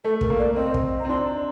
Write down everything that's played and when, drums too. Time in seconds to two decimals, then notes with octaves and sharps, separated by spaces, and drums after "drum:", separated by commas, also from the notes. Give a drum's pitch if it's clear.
0.04 A3 A4
0.21 A#4, drum: kick
0.30 A#3
0.39 D5
0.56 C4 D#5
0.74 drum: kick
1.00 A#5
1.05 C4
1.09 D4 C6
1.27 A#5